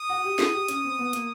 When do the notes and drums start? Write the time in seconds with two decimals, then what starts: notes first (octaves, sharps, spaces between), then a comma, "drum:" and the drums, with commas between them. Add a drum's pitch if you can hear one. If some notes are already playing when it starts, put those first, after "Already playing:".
Already playing: D#6
0.09 F#4
0.24 G4
0.39 G#4, drum: snare
0.54 G4
0.68 C#4, drum: hi-hat
0.84 C4
0.98 B3
1.13 A#3, drum: hi-hat